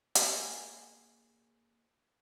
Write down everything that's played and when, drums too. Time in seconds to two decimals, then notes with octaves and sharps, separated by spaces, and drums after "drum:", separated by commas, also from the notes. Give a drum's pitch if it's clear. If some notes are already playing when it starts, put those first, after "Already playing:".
0.15 A#3 G#4, drum: hi-hat